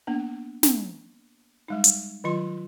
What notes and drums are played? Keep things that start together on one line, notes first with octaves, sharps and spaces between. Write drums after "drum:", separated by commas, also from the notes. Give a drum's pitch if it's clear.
A#3 B3 D4
drum: snare
G3 G#3 D#4
drum: hi-hat
D#3 F#3 F4 C6